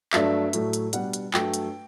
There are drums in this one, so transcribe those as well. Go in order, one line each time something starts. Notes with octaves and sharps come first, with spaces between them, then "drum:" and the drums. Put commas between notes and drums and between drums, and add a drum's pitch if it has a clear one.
G2 F#3 A3 D4 E5, drum: clap
A2 F#3 A3, drum: hi-hat
drum: hi-hat
B2 G3 D4 F#5, drum: hi-hat
drum: hi-hat
G2 F#3 A3 G5, drum: clap
drum: hi-hat